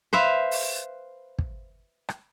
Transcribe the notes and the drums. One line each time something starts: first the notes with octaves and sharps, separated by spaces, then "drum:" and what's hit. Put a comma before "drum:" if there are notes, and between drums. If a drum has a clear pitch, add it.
B4 C5 E5 F5
drum: open hi-hat
drum: kick
drum: rim click